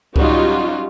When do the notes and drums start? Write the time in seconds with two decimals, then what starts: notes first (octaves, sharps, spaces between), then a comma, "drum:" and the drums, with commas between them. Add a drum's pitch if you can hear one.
0.16 F#3 G3 C#4 D#4 F4 F#4, drum: kick C#2